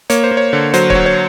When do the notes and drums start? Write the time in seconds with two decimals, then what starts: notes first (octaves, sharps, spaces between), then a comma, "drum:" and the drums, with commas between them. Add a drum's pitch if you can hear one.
0.10 A#3 C#5, drum: hi-hat
0.24 C5
0.31 A#3
0.37 C#5
0.53 D3
0.74 F#3 C5, drum: hi-hat
0.90 C#5, drum: kick C#1
0.95 F#3
1.06 C#5